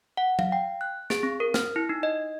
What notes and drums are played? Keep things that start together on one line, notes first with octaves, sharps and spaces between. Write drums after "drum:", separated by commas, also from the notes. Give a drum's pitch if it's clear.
F#5
F5, drum: tom F#3
G5
F#6
G#4, drum: snare
C4
A#4
F6, drum: snare
E4
D#4
D#5